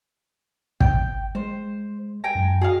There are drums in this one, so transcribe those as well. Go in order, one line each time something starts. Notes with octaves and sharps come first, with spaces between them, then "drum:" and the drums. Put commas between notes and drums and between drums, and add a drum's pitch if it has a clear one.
G5, drum: kick
G#3 C5
G5 G#5 A#5
F#2
F#4 G#4 D#5 F5